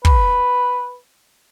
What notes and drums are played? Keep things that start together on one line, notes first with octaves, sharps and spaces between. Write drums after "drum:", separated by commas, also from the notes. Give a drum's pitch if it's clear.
B4, drum: kick